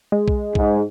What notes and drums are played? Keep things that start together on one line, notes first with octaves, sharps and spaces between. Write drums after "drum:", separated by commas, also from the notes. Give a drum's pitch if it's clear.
G#3
drum: kick B1
G#2, drum: kick B1